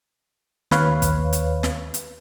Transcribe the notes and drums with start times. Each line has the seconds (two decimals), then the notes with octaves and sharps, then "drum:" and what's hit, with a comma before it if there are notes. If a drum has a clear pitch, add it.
0.71 D#2 B4 C#5 F5, drum: snare
1.02 drum: kick, hi-hat
1.33 drum: hi-hat
1.63 drum: snare
1.94 drum: hi-hat